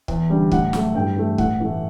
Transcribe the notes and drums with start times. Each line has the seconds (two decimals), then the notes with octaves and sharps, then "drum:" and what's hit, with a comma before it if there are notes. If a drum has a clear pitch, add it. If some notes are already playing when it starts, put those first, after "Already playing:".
0.08 E2, drum: kick
0.30 D3 G3
0.52 A2 F#5, drum: kick
0.73 F#3 A3, drum: snare
0.95 G2 G5
1.16 E3 A3
1.38 A2 F#5, drum: kick
1.60 E3 A3